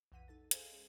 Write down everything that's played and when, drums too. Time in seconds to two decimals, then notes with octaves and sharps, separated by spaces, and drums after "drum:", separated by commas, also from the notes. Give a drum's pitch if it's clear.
0.12 B1 F2 E3 F#5 B6 D#7
0.28 D#4 A4 A6
0.51 G#4 A4 C5 D#5 F5 G#5, drum: hi-hat
0.71 G#3 C#4 G#4